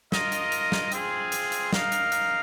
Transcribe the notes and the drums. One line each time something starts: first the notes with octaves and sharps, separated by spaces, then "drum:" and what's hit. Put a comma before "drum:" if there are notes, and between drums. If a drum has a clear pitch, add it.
F4 A#4 D#5, drum: snare
drum: hi-hat
drum: hi-hat
drum: snare
C4 F4 G#4, drum: hi-hat
drum: hi-hat
drum: hi-hat
D#4 A#4 F5, drum: snare
drum: hi-hat
drum: hi-hat